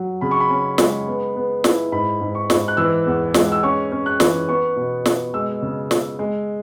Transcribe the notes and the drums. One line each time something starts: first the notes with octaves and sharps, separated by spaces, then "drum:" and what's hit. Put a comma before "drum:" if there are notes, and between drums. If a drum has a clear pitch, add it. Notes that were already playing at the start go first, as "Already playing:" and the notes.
Already playing: F#3
C#3 B5
C#6
B5
C#4
G#3, drum: snare
B3
B3
E4, drum: snare
G#2 B5
G#2
C#6
G#2, drum: snare
F#6
E3 E6
E2
G#3, drum: snare
E6
C#4 C#6
C#4
F#6
E3, drum: snare
B3 C#6
B2
B3, drum: snare
G#3 E6
C#3
C#3, drum: snare
G#3